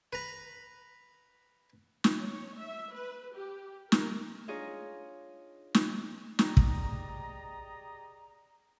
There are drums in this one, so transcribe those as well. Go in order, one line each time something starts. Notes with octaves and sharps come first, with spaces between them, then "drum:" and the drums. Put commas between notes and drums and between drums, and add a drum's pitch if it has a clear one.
B4 A#5
drum: snare
C#5
E5
B4
G4
A#4, drum: snare
D4 D#4 F4 G#4 C#5 D#5
drum: snare
G4 G#4 D5 D#5 A#5, drum: snare
drum: kick